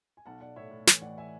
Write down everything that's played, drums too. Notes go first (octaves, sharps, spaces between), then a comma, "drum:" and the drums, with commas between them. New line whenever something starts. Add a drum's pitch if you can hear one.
G#5
B1 F#5 A5
B1 D5 F#5
A2 C#5 E5
A2
E3 C#5, drum: snare
A1 D5 F#5
E5 G#5